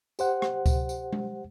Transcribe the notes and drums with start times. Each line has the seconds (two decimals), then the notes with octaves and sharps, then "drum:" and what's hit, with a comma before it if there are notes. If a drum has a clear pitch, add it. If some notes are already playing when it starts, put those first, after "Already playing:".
0.19 G4 C5 F#5, drum: tambourine
0.42 drum: rim click
0.66 drum: kick C#2, tambourine
0.89 drum: tambourine
1.13 drum: tom G#3